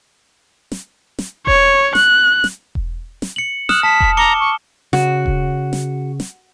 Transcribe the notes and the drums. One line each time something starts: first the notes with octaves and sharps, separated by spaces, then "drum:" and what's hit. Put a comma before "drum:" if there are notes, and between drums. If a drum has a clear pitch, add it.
drum: snare
drum: snare
C#5, drum: kick E1
F#6, drum: snare
drum: snare
drum: kick E1
drum: snare
C#7 F#7
D#6 F6 F#6 E7, drum: snare
A5 B6
drum: kick E1
A#5 D6 C#7 G7
C#6
C#3 F#4, drum: snare
drum: kick E1
drum: snare
drum: snare